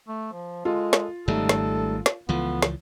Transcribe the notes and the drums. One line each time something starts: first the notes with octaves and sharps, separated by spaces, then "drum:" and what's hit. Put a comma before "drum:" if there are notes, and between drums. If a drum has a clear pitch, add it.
A3
F3
G#3 F4 A4
drum: snare
G#1 G#2 C#3 G3 A3 D#4 A4
drum: snare
drum: snare
C#2 E3 F3 B3 F4 A4
drum: snare